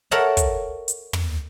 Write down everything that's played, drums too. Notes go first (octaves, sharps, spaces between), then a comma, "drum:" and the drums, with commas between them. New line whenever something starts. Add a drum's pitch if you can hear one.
A4 A#4 C#5 E5 F#5 A5
drum: kick, hi-hat
drum: hi-hat
drum: tom